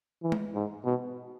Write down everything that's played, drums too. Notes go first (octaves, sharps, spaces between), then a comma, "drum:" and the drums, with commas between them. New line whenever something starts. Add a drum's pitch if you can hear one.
E3
drum: tom G#3
G#2
B2